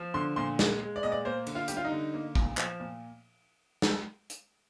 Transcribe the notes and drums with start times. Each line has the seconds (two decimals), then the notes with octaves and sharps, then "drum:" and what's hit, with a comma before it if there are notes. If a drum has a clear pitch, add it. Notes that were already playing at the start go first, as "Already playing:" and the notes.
Already playing: F3
0.14 D3 C6
0.36 A#2 C6
0.59 G#3, drum: snare
0.81 G#3
0.96 D5
1.03 A#2 D#5
1.12 D5
1.25 A#3 C5
1.47 D3, drum: cymbal
1.55 F4
1.68 G3 G4, drum: hi-hat
1.77 F4
1.84 D#4
1.92 D3
2.14 A#3
2.35 A#2, drum: kick
2.57 F3, drum: clap
2.80 A#2
3.82 drum: snare
4.30 drum: hi-hat